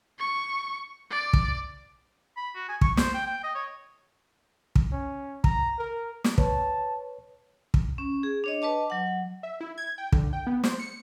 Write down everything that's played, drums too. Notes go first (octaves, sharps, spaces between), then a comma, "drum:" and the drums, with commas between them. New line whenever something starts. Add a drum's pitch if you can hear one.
C#6
D5
drum: kick
B5
F#4
G#5
C#6, drum: kick
C5, drum: snare
G5
G5
D#5
C#5
drum: kick
C#4
A#5, drum: kick
A#4
drum: snare
B4 C#5 A5, drum: kick
drum: kick
C#4
G#4
D4 C#5 D#5
B4 D#5 A5 D6
F#3 F#5
E5
E4
G#6
G5
D3, drum: kick
G5
B3
C5, drum: snare
C#7